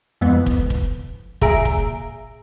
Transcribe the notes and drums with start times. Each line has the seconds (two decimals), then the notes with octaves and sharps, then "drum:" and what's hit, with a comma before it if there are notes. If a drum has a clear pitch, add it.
0.21 F2 G#2 E3 B3
0.46 drum: kick
0.70 drum: kick
1.42 A#2 G#4 E5 A#5 D7, drum: kick
1.65 drum: kick